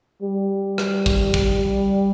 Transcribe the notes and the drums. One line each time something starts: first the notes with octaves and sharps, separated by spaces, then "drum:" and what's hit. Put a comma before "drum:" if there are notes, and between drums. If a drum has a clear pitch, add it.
G3
drum: rim click
drum: kick
drum: kick